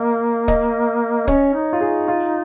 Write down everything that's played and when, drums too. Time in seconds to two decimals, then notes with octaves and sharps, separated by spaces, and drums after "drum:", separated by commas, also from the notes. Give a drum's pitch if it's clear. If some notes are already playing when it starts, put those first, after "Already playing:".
Already playing: A#3 D#5
0.48 D#5, drum: kick
1.28 C#4 C#5, drum: kick
1.54 D#4
1.73 F4
1.81 D#4 G#4
2.08 F4